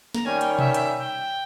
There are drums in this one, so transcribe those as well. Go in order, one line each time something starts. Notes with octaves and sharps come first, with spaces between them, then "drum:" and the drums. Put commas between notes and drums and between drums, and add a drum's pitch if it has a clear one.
A#5, drum: snare
D#3 G3 C#4 G#5
G5, drum: hi-hat
E5, drum: tom B2
E5, drum: hi-hat
G5